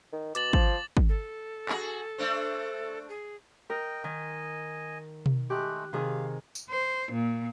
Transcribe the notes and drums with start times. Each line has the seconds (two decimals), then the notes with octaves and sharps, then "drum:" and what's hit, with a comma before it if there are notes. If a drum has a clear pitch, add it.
0.13 D#3
0.35 B2 D6 A6 F#7, drum: hi-hat
0.53 F3, drum: kick
0.97 drum: kick
1.09 A4
1.69 F#4 G#4, drum: clap
2.18 A3 D4 C5
3.09 G#4
3.70 A#4 D#5 G5
4.04 D#3 D#5 G#5
5.26 drum: tom B2
5.50 G#3 A3 G4 F#6
5.93 C3 D#3 G#4 F5
6.55 drum: tambourine
6.70 C5
7.12 A#2